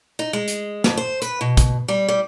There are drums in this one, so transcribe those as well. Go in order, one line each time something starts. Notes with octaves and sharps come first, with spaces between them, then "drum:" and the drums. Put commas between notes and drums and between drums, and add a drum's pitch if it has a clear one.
D#4
G#3
drum: hi-hat
F2, drum: snare
C5
B4, drum: hi-hat
B2
drum: kick, hi-hat
G3
G3